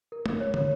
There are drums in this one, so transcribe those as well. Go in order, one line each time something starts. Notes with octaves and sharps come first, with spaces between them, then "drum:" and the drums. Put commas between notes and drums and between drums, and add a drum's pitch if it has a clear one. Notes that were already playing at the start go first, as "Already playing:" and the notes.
A#4
drum: tom
C#5
drum: tom